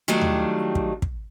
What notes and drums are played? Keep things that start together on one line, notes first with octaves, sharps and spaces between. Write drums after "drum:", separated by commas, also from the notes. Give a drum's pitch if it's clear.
D#3 F#3 G3 A3 D4 F4
drum: tom D#2
drum: kick
drum: kick